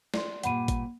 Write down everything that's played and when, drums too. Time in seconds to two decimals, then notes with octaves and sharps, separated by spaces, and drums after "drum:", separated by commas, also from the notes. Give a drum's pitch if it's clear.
0.14 D5 C6, drum: snare
0.43 G2 A#2 F#5 B5 D#7, drum: hi-hat
0.68 drum: kick G#1, hi-hat